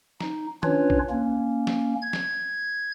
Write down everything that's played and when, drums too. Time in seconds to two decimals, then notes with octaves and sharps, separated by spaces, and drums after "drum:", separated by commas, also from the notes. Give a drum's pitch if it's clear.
0.20 D#4, drum: snare
0.63 C#4 D4 F4 B4 C#5, drum: tom D#3
0.90 drum: kick A#1
1.10 A#3 C#4
1.67 drum: snare
2.02 G#6
2.13 drum: snare